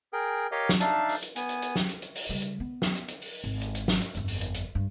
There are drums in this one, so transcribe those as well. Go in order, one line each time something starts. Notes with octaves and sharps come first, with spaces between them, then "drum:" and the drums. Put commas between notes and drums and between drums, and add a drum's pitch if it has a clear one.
G#4 A#4 G5
G4 A#4 C#5 D#5 F5
drum: snare
D4 D#4 D5 E5 F5 A5, drum: hi-hat
drum: open hi-hat
drum: hi-hat
B3 G#5, drum: hi-hat
drum: hi-hat
drum: hi-hat
drum: snare
drum: hi-hat
drum: hi-hat
drum: open hi-hat
C#3 G3
drum: hi-hat
B3
drum: snare
drum: hi-hat
drum: hi-hat
drum: open hi-hat
G#1
drum: hi-hat
drum: hi-hat
drum: snare
drum: hi-hat
G1 F2, drum: hi-hat
drum: open hi-hat
drum: hi-hat
drum: hi-hat
G2